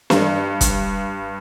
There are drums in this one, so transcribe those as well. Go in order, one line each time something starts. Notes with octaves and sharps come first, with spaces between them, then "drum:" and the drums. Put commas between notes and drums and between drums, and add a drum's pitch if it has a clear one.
G2, drum: snare
drum: kick, hi-hat